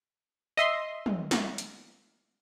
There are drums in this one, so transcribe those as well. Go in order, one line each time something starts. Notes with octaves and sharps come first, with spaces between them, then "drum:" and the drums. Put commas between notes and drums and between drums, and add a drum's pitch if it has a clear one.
D#5 E5 C6
drum: tom
drum: snare
drum: hi-hat